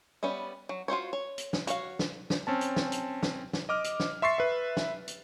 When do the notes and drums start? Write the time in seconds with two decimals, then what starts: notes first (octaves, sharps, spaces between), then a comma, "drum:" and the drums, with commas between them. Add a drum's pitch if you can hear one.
0.23 G3 B3 C#4 E5
0.69 F#3
0.88 F4 F#4 C5 C#5
1.13 C#5
1.38 drum: hi-hat
1.53 drum: snare
1.67 F#4 C#5 F5, drum: hi-hat
1.99 drum: snare
2.30 drum: snare
2.47 C4 C#4 A5
2.61 drum: hi-hat
2.76 drum: snare
2.92 drum: hi-hat
3.23 drum: snare
3.53 drum: snare
3.69 D#5 D6 F6
3.84 drum: hi-hat
4.00 drum: snare
4.22 E5 C6 C#6 A6 C7
4.38 B4 E5
4.77 drum: snare
5.08 drum: hi-hat